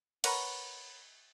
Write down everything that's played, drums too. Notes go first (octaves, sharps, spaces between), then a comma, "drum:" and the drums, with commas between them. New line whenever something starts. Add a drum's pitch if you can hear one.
A#4 B4 C#5 F#5, drum: cymbal